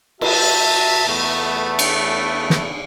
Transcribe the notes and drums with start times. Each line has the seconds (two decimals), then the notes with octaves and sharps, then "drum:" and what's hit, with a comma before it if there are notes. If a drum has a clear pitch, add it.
0.21 F#4 E5 A5, drum: cymbal
1.07 E2 A3 B3
1.79 drum: cymbal
2.50 drum: snare